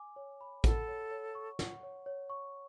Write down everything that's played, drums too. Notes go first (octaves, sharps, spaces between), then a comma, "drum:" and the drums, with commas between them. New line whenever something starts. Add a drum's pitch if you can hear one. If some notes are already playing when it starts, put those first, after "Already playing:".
Already playing: G#5 D6
C#5
B5
A4 F#5, drum: kick, hi-hat
C#5
C#5
C#6
F#5, drum: snare
C#5
C#5
C#6